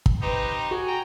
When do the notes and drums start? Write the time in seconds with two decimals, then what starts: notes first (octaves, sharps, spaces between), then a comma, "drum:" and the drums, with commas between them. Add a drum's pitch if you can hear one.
0.06 drum: kick
0.22 C4 D#4 G4 B4
0.71 F#4 G#5
0.88 G5 A#5